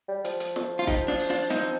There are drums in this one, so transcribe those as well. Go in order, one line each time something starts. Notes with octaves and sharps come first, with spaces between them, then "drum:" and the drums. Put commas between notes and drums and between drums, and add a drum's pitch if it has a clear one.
G3
F3, drum: hi-hat
drum: hi-hat
drum: snare
F4
D#4 G4, drum: kick, hi-hat
D4 F4
drum: open hi-hat
D4 F4
F3 C4 D#4, drum: hi-hat